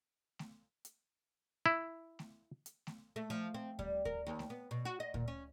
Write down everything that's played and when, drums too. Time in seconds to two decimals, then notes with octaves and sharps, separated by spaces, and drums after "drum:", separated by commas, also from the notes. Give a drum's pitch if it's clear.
0.39 drum: snare A3
0.85 drum: hi-hat
1.66 E4
2.19 drum: snare A3
2.66 drum: hi-hat
2.87 drum: snare A3
3.16 A3
3.30 F3
3.54 C4
3.79 G3, drum: kick D2
4.05 A#4, drum: kick D2
4.27 D#2
4.39 drum: snare A3
4.50 B3
4.71 B2
4.85 F#4
5.00 D#5
5.14 A#2, drum: kick D2
5.28 C#4